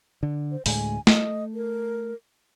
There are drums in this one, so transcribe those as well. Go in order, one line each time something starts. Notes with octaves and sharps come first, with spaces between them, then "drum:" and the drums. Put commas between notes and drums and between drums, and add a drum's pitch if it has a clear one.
D3
C5
D2 A2 G#3 G#5, drum: open hi-hat
A3 D#5, drum: snare
A#4